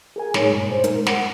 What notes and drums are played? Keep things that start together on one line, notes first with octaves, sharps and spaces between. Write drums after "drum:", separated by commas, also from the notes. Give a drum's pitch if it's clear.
G#4 A#4 G#5
A2 G#3 D#4 C#5, drum: snare
G2 A#2
C5
G#3 D#4 A#4, drum: hi-hat
F#5, drum: snare